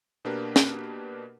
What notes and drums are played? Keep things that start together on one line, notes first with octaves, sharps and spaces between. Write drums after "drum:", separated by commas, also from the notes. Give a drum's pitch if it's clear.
B2 A#3 D4 G4 A#4 B4
drum: snare